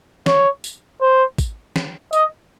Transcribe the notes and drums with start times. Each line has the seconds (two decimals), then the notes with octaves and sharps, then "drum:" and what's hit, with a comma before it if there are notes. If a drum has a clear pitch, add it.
0.26 C#5, drum: snare
0.64 drum: tambourine
1.01 C5
1.38 drum: kick, tambourine
1.76 drum: snare
2.13 D#5, drum: tambourine